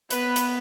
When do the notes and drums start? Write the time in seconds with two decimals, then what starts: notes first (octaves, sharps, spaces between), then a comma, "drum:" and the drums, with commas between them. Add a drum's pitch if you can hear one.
0.10 B3 B4, drum: hi-hat
0.36 drum: hi-hat